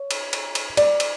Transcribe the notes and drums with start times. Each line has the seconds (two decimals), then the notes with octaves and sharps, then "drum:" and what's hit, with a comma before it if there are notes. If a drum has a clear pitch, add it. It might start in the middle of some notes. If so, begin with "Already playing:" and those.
Already playing: C#5
0.11 drum: cymbal
0.33 drum: cymbal
0.55 drum: cymbal
0.77 D5, drum: cymbal
1.00 drum: cymbal